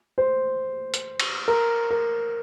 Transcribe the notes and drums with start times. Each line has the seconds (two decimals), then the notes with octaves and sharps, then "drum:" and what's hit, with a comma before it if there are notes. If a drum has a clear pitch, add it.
0.18 C5
0.94 drum: hi-hat
1.20 drum: cymbal
1.48 A#4
1.91 A#4